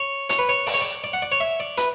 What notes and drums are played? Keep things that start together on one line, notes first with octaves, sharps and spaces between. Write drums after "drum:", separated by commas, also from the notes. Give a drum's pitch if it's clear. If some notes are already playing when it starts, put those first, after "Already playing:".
Already playing: C#5
C#5, drum: hi-hat
B4
C#5
D5, drum: open hi-hat
C#5
D5
D5
F#5
D5
C#5
E5
D5
B4, drum: hi-hat